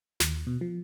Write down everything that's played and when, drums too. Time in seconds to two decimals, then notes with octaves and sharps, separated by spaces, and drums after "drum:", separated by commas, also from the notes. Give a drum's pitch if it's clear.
0.20 D#2, drum: snare
0.47 B2
0.61 F3